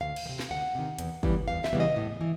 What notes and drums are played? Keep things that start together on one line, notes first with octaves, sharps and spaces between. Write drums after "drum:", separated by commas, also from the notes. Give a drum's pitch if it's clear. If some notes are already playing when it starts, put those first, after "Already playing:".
D2 F5
drum: cymbal
D#3
C3
drum: snare
D2 F#5
C3 D#3
E2, drum: hi-hat
C#3 E3 G3 B3, drum: kick
E2 F5
E5, drum: snare
C#3 E3 G3 B3
D#5
A2
E3